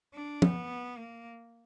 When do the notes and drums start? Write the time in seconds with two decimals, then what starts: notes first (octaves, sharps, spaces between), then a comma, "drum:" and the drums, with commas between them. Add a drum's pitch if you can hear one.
0.14 D4
0.42 B3, drum: tom
0.98 A#3